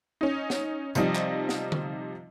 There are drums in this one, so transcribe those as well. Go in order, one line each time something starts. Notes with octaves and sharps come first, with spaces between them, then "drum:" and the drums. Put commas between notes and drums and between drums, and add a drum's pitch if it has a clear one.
C#4 D#4
drum: snare
C3 F3 G3 D#4 D#5, drum: hi-hat
drum: clap
drum: snare
drum: tom D3